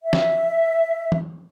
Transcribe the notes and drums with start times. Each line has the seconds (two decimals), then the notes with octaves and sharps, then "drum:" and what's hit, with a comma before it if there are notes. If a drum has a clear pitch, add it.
0.03 E5
0.13 drum: snare
1.12 drum: tom E3